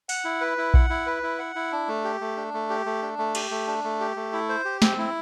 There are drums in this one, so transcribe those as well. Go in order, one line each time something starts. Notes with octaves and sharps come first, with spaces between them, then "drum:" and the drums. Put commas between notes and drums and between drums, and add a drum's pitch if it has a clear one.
F#5, drum: open hi-hat
E4
B4
E4
F#5, drum: kick A#1
E4
B4
E4
F#5
E4
D4
A3
G4
A3
D4
A3
G4
A3
D4
A3
G4, drum: cymbal
A3
D4
A3
G4
A3
E4
C5
G4
C4, drum: snare
E4